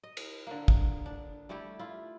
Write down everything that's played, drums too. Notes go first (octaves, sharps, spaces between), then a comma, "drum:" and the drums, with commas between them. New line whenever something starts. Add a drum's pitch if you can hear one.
D#5
drum: cymbal
D3 A#3
drum: kick
D4
G3 A3 E4 G4
E4 F4